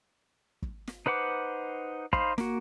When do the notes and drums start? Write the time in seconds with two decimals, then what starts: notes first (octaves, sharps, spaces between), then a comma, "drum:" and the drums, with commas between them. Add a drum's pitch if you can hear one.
0.62 drum: kick
0.87 drum: snare
1.06 D#4 B4 C5 F#5 D6
2.13 D#4 C5 F5 B5, drum: kick
2.38 A#3 F#4, drum: snare